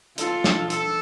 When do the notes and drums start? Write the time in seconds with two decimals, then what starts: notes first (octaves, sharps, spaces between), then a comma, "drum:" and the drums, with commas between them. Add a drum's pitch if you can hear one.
0.18 F4 A4, drum: hi-hat
0.44 drum: snare
0.70 A4, drum: hi-hat